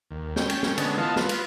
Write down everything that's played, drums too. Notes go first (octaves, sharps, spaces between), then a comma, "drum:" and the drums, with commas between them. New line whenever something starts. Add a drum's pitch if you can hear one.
D#2
C#4 G5, drum: snare
drum: cymbal
drum: snare
D3 G#3 B3 C#4, drum: cymbal
E3 B3 F4 D#5 F5 A5
F4 B4, drum: snare
drum: cymbal